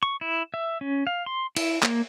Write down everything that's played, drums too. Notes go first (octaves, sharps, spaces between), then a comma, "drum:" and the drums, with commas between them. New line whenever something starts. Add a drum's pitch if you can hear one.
C#6
E4
E5
C#4
F5
C6
E4, drum: cymbal
A#3, drum: clap